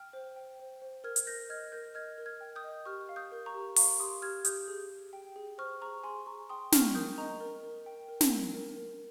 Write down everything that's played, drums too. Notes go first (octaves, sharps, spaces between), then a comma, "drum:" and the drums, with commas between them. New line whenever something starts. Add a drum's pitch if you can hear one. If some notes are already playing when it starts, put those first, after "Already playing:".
Already playing: G5 F6
C5
G5
C5
C5
A#4 F6 G#6
drum: hi-hat
A#4 G6 A#6
D#5 F6 G#6
A#4 G6 A#6
D#5 F6 G#6
A#4
F6 G#6
G5
D#6 G6
D#5
G4 C#6 F6
F5
D#6 G6
A#4
A#5 C#6
G4
F5 A#5 C#6, drum: open hi-hat
G4 C6 D#6
G4 F6 G#6
G4 D#6 G6, drum: hi-hat
G#4
G#4
G5
G#4
C5 C#6 F6
G#4 A#5 C#6
G#4 G#5 C6
G#4 A#5 C#6
G5 C6 D#6
G5 C#6 F6, drum: snare
A#4 D#6 G6
D#5 A#5 C#6
A#4
A#4
G5
A#4
drum: snare
A#4
A#4
A#4